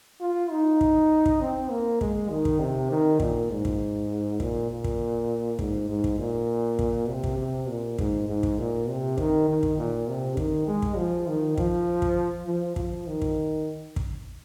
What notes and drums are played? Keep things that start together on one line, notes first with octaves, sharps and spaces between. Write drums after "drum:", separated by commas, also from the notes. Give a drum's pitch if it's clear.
F4
D#4
drum: kick
drum: kick
C4
A#3
G#3, drum: kick
D#3
drum: kick
C3
D#3
A#2, drum: kick
G#2
drum: kick
A#2, drum: kick
A#2
drum: kick
G#2, drum: kick
G#2
drum: kick
A#2
drum: kick
C3
drum: kick
C3
A#2
G#2, drum: kick
G#2
drum: kick
A#2
C3
D#3, drum: kick
D#3
drum: kick
A#2
C3
D#3, drum: kick
G#3
drum: kick
F3
D#3
F3, drum: kick
drum: kick
F3
F3, drum: kick
D#3
drum: kick
drum: kick